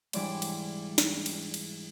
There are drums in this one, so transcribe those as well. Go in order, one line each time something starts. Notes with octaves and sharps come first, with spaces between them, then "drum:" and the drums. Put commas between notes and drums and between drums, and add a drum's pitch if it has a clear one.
G#2 E3 G3 D4 D5, drum: cymbal
drum: cymbal
drum: snare
drum: cymbal
drum: cymbal